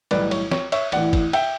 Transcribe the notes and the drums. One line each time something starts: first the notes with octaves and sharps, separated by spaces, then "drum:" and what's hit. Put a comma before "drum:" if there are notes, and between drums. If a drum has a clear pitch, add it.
B1 A2 E3 G3 B4 D5, drum: cymbal
C#5, drum: cymbal
C#5, drum: snare
C#5 E5, drum: cymbal
A1 A2 E3 D5 F#5, drum: cymbal
drum: kick, cymbal
E5 G5, drum: cymbal